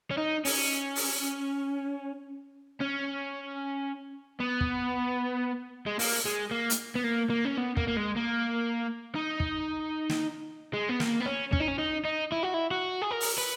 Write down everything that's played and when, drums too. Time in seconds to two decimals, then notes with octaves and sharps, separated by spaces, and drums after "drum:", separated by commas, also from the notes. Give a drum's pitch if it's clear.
0.11 C#4
0.17 D#4
0.45 C#4, drum: open hi-hat
0.96 drum: open hi-hat
2.81 C#4
4.40 B3
4.61 drum: kick
5.86 G#3
5.99 A#3, drum: open hi-hat
6.25 G#3
6.51 A#3
6.70 drum: hi-hat
6.95 B3
7.04 A#3
7.30 A#3
7.45 C#4
7.57 B3
7.77 A#3, drum: kick
7.87 A#3
7.96 G#3
8.16 A#3
9.15 D#4
9.40 drum: kick
10.10 drum: snare
10.73 G#3
10.89 B3
11.00 A#3, drum: snare
11.20 B3
11.26 C#4
11.53 C#4, drum: kick
11.60 D#4
11.68 C#4
11.78 D#4
12.05 D#4
12.32 E4
12.43 F#4
12.54 E4
12.71 F#4
13.02 G#4
13.11 A#4
13.21 drum: open hi-hat
13.38 B4